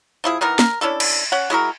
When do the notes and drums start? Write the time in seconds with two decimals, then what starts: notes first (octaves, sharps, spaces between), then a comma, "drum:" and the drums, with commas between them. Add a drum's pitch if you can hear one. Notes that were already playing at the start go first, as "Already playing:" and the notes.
0.24 F3 E4 G#4
0.41 D#3 E3 B3 A#4
0.59 A#4, drum: snare
0.81 C#4 D4 E4 A4
1.00 drum: cymbal
1.32 C#4 F#5
1.50 G#3 E4 F#4 A#4